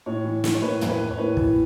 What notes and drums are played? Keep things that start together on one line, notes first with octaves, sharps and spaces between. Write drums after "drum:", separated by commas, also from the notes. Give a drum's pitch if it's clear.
A2 C#5
E3
E3, drum: snare
C#5
A2 B4
E3, drum: tom
B4
E3
C#5
A2 B4
E3, drum: kick